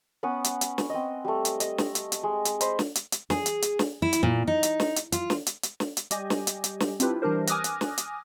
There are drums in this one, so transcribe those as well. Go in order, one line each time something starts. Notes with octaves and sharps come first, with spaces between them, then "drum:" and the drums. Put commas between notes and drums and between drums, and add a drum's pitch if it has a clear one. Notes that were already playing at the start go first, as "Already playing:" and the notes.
B3 C#4 F#5 D#6
drum: hi-hat
drum: hi-hat
drum: snare
C4 D#5
G3 A3
drum: hi-hat
D#5, drum: hi-hat
drum: snare
drum: hi-hat
drum: hi-hat
G#3
drum: hi-hat
C5 D#5 B5, drum: hi-hat
drum: snare
drum: hi-hat
drum: hi-hat
G#4, drum: snare
drum: hi-hat
drum: hi-hat
drum: snare
E4
drum: hi-hat
A#2
D#4
drum: hi-hat
drum: snare
drum: hi-hat
F4, drum: hi-hat
drum: snare
drum: hi-hat
drum: hi-hat
drum: snare
drum: hi-hat
G3 G4 D#5 G#5, drum: hi-hat
drum: snare
drum: hi-hat
drum: hi-hat
drum: snare
C4 D4 E4 F4 G4 B4, drum: hi-hat
E3 G3 D4 G4 A#4 C5
G#5 D6 D#6 F6 F#6 A#6, drum: hi-hat
drum: hi-hat
drum: snare
drum: hi-hat